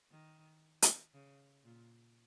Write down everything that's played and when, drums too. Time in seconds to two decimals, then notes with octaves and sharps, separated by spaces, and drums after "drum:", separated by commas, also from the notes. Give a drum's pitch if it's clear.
0.11 D#3
0.82 drum: hi-hat
1.14 C#3
1.64 A#2